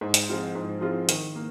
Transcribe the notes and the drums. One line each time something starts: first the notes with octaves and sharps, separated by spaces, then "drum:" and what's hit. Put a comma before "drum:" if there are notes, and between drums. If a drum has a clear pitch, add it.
G#2
drum: hi-hat
F3 G#3 C4 F4
G#2
F3 G#3 C4 F4
D#3, drum: hi-hat
A#3